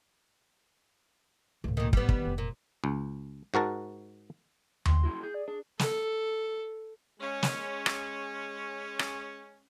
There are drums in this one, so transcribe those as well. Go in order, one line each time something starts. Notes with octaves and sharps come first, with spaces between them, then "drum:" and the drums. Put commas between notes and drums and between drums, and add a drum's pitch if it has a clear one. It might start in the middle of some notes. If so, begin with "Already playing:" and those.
C#2 A2
A#2 D#3
A1 G3 B3, drum: kick
D#3, drum: kick
F1
A#2
C#2
G#2 F#4 A#4 A5
D#3 C6, drum: tom D#2
A#3 E4 F#4
G#4 G6
D5
D4 G#4
A4, drum: snare
G#3 C#4
drum: snare
drum: rim click
drum: rim click